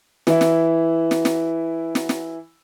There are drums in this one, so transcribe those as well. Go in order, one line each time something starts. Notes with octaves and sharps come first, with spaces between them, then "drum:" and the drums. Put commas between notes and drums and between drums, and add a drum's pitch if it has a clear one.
E3 E4, drum: snare
drum: snare
drum: snare
drum: snare
drum: snare
drum: snare